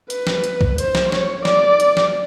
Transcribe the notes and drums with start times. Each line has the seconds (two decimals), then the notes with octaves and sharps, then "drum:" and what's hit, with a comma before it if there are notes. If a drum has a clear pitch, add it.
0.10 B4, drum: hi-hat
0.27 drum: snare
0.44 drum: hi-hat
0.61 drum: kick B1
0.78 C5, drum: hi-hat
0.95 drum: snare
1.12 C#5, drum: snare
1.45 D5, drum: snare
1.80 drum: hi-hat
1.97 drum: snare